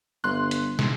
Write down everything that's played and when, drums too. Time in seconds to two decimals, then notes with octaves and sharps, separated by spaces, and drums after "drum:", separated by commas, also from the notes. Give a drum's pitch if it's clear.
0.24 G1 C6 F#6
0.51 drum: hi-hat
0.79 drum: snare